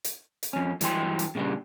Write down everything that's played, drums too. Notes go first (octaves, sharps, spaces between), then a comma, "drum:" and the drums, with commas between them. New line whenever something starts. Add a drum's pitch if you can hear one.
drum: hi-hat
drum: hi-hat
F2 C#4
G2 E3 F#3 G4 G5 C6, drum: hi-hat
drum: hi-hat
A#2 C#3 G3 D4